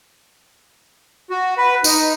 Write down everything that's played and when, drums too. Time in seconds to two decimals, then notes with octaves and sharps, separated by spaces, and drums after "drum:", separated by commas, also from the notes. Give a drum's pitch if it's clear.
1.30 F#4
1.57 B4
1.84 D#4, drum: tambourine